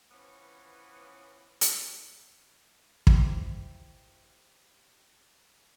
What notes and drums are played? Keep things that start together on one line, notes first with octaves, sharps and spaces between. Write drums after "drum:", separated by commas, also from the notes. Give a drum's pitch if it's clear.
E3 F3 B3 C#4
drum: hi-hat
E4 G4 C5 D6, drum: kick